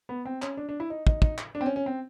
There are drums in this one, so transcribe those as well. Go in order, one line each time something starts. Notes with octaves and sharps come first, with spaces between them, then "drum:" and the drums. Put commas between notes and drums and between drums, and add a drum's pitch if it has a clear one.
B3
C4
C#4, drum: clap
D4
D4
E4
D#4
D#4, drum: kick
D#4, drum: kick
drum: clap
D4
C4
C#4
C#4
C4